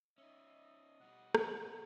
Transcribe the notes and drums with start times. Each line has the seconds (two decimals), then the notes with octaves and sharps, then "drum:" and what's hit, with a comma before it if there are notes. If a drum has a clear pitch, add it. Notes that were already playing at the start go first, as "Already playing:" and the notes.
0.18 C#4 D#4 D#5 E5
1.01 B2 G3 F#5
1.35 drum: rim click